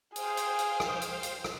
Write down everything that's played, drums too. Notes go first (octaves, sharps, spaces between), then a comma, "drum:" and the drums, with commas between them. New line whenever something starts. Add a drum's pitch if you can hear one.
G#4 C5 F5 G5, drum: hi-hat
drum: hi-hat
drum: hi-hat
drum: rim click
drum: hi-hat
drum: hi-hat
drum: rim click